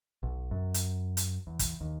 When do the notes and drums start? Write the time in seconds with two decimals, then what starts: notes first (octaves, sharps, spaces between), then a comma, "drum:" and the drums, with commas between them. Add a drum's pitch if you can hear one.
0.23 B1
0.51 F#2
0.74 drum: hi-hat
1.17 drum: hi-hat
1.47 E2
1.59 drum: kick, hi-hat
1.81 D#2